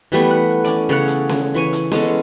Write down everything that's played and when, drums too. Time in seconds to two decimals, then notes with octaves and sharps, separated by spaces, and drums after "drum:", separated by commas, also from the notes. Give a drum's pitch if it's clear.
0.12 E3 G3 A3 B3
0.30 F#5
0.64 C#4 D5, drum: hi-hat
0.89 C#3 A4 C#5 F#5
1.08 drum: hi-hat
1.29 drum: snare C#4
1.55 E3 C#5 G#5
1.73 drum: hi-hat
1.92 G#3 B3 C#4 A4, drum: snare C#4